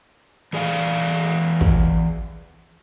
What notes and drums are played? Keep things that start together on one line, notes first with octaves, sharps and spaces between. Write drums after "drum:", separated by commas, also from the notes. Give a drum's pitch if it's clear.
E3 G#4 D5 E5 F5
drum: kick